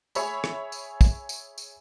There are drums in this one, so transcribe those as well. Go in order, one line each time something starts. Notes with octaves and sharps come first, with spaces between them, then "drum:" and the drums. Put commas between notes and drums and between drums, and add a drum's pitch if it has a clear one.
G#4 C#5 E5 B5, drum: tambourine
drum: rim click
drum: tambourine
drum: kick, tambourine
drum: tambourine
drum: tambourine